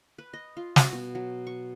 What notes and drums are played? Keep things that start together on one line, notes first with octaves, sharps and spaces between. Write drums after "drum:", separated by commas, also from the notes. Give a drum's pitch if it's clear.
B4
D#5
F4
F#4, drum: snare
B2
F#3
C#6